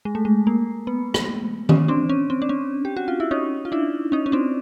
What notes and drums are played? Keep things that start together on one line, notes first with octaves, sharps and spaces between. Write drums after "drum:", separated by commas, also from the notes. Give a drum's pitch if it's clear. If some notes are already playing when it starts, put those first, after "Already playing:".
G#3
A3
G#3
A#3
B3
drum: rim click
C#4, drum: tom D#3
C4 D4
C#4
C4
D4
C#4
G4
F#4
F4
E4
C#4 D#4
F4
D4 E4
C#4 D#4
C#4
C4 D4